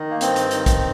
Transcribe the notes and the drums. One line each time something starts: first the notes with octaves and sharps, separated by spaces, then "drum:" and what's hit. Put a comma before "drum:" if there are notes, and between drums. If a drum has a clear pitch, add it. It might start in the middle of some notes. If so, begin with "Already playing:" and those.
Already playing: D#3
A#3
G2 C4, drum: hi-hat
drum: hi-hat
D#3, drum: hi-hat
drum: kick, hi-hat